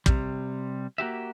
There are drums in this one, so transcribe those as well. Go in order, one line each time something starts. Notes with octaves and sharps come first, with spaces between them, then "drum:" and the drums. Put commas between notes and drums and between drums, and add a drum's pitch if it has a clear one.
C3 G3, drum: kick
A#3 F#4 G4 E5